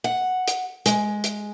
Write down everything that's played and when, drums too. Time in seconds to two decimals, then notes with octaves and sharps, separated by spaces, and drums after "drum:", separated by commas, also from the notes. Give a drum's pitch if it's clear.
0.04 F#5
0.48 drum: hi-hat
0.86 G#3, drum: hi-hat
1.24 drum: hi-hat